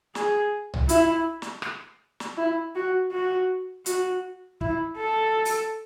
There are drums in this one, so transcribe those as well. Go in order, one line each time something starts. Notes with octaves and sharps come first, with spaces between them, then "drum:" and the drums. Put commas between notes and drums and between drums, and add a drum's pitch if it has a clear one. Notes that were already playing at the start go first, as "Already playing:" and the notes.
G#4, drum: snare
drum: tom B1
E4, drum: hi-hat
drum: snare
drum: rim click
drum: snare
E4
F#4
F#4
F#4, drum: hi-hat
E4, drum: kick
A4
drum: open hi-hat